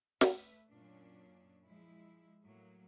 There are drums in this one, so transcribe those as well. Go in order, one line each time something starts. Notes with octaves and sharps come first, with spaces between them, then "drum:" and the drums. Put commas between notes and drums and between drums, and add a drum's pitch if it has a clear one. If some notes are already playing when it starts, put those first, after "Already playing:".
A3 B4 E5, drum: snare
F#2 A#2 C#4 D4
F3 G#3 E4
A2 F#3 A#3